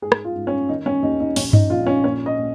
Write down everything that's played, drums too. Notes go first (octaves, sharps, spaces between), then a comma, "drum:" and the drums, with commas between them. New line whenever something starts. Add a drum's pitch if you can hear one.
G#2 G#4
drum: rim click
F4
G#2
C#4
D#3 D#4
C#4
D#2 D#4
D#4
A#1 C#4, drum: open hi-hat
D#4, drum: tom G2
A#1 F4
C#4
A#2 C#4
D#5
A#2